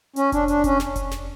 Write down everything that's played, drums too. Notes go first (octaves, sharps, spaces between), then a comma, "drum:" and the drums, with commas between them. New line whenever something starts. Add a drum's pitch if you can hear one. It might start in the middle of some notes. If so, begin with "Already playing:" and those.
C#4, drum: hi-hat
D4, drum: kick F1, hi-hat
D4, drum: hi-hat
C#4, drum: kick F1, hi-hat
drum: snare
drum: kick F1, hi-hat
drum: snare